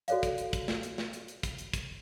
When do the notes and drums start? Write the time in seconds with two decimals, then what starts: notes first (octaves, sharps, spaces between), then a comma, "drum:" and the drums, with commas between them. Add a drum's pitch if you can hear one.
0.08 F#4 A4 C#5 D5 F5, drum: hi-hat
0.23 drum: kick, hi-hat
0.38 drum: hi-hat
0.53 drum: kick, hi-hat
0.68 drum: snare
0.83 drum: hi-hat
0.98 drum: snare
1.13 drum: hi-hat
1.28 drum: hi-hat
1.43 drum: kick, hi-hat
1.58 drum: hi-hat
1.74 drum: kick, hi-hat